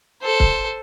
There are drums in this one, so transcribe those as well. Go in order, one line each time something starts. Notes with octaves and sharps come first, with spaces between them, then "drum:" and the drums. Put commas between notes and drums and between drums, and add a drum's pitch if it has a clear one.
A4 C5
drum: kick